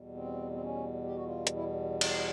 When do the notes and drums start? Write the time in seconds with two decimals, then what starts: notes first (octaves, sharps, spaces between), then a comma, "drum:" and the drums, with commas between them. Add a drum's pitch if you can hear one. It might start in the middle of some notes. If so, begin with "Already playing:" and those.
Already playing: E2 B2 G3
0.15 C4
0.53 C4
0.62 C#4
1.06 G4
1.15 F#4
1.25 F4
1.47 drum: hi-hat
1.56 E4
2.01 drum: cymbal